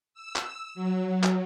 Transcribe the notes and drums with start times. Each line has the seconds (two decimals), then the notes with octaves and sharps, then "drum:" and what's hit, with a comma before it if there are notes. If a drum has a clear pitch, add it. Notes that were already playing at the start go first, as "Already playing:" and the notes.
0.14 E6
0.36 drum: clap
0.75 F#3
1.23 drum: clap